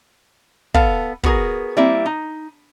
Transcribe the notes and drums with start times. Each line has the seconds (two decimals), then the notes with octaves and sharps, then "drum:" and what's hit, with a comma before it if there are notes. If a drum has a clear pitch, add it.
0.74 B3 A4 F5, drum: kick
1.23 B3 F#4 G#4 A#4, drum: kick
1.77 G3 A#3 C4 E4 E5
2.06 D#4